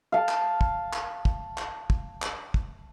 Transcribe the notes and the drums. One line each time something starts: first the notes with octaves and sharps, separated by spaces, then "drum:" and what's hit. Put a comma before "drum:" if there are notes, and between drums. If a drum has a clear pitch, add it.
F5 A5
drum: clap
drum: kick
drum: clap
drum: kick
drum: clap
drum: kick
drum: clap
drum: kick